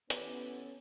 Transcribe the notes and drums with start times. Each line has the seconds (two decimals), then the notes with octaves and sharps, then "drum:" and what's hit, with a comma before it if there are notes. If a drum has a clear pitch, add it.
0.10 E3 B3 C#4 G4 A4 D5, drum: hi-hat